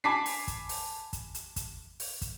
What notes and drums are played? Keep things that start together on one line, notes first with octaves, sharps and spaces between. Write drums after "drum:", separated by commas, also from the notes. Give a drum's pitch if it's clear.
G#5 A5 B5 D6 B6 C7
drum: open hi-hat
drum: kick, hi-hat
drum: open hi-hat
drum: kick, hi-hat
drum: hi-hat
drum: kick, hi-hat
drum: open hi-hat
drum: kick, hi-hat